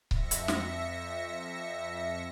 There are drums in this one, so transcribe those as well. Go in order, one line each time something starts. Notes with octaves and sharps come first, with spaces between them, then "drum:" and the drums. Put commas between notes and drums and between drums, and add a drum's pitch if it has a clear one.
F2 E5 A#6 C#7, drum: kick C#1
drum: hi-hat
drum: snare